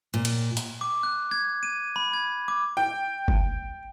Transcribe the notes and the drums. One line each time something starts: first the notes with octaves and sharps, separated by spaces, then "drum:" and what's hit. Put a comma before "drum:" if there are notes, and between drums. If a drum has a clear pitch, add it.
A#2
drum: cymbal
drum: hi-hat
D6
F#6
G#6
D#7
B5
G#6
D6
G5
drum: kick G1